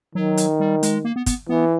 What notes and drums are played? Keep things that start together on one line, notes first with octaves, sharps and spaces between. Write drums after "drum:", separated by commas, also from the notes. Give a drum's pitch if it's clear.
D#3 F#3
drum: hi-hat
G3
G#3, drum: hi-hat
A#3
B3
B3, drum: kick, hi-hat
E3 B3